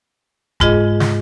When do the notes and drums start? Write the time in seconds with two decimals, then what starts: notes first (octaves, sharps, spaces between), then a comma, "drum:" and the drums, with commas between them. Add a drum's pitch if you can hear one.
0.60 G#2 G#3 F4 G#4 D#5, drum: kick E1
1.00 drum: snare